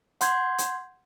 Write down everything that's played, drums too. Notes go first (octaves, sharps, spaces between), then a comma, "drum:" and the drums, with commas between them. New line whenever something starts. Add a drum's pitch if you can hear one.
F#5 C6 G6 G#6, drum: hi-hat
drum: hi-hat